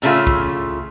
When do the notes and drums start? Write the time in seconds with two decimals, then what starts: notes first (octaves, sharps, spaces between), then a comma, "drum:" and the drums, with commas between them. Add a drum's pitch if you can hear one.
0.02 A2 C#3 A3 F4
0.27 drum: kick